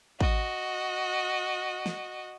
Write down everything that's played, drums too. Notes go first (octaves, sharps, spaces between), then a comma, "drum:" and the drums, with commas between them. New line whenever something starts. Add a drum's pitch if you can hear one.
F#4 D#5, drum: kick
drum: snare